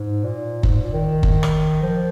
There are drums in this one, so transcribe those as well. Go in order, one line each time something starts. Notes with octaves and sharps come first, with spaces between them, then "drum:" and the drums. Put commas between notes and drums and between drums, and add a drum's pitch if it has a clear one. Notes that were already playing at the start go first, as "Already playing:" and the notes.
Already playing: G#2
A#2
G#2, drum: kick F#1
A#2
D#3
drum: kick F#1
drum: rim click
F3